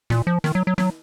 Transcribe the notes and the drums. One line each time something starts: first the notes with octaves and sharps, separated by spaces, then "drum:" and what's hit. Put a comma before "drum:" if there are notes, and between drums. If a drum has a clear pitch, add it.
A#2, drum: snare
F3
D#3, drum: snare
F#3
F#3
F#3, drum: snare